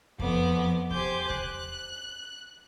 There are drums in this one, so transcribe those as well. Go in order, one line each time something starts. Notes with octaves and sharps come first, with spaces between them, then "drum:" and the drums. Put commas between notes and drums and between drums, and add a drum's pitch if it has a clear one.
F2 B3 D6, drum: kick E2
G4 C5 G#5 D6 G6, drum: kick E2
F#6, drum: kick E2